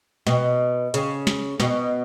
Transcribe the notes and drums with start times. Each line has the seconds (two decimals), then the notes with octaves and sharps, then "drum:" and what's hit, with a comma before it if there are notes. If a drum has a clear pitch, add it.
0.27 B2, drum: snare
0.94 C#3, drum: hi-hat
1.27 drum: snare
1.60 B2, drum: snare